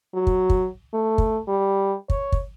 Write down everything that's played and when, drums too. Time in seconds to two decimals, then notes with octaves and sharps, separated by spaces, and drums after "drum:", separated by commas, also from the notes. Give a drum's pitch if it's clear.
0.14 F#3
0.27 drum: kick
0.50 drum: kick
0.94 A3
1.18 drum: kick
1.48 G3
2.10 C#5, drum: kick
2.32 drum: kick